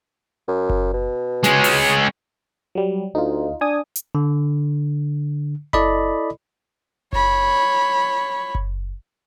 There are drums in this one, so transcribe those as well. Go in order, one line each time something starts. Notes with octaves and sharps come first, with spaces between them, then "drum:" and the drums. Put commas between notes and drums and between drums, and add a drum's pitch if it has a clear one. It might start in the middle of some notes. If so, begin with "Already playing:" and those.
F#2
drum: kick F#1
B2
G#3 C#4, drum: snare
drum: open hi-hat
F#3 G3
D2 D#4 F4
D4 G#5 D#6
drum: hi-hat
D3
E4 A4 D5 D#5 B5, drum: kick F#1
C#5 B5, drum: kick F#1
drum: kick F#1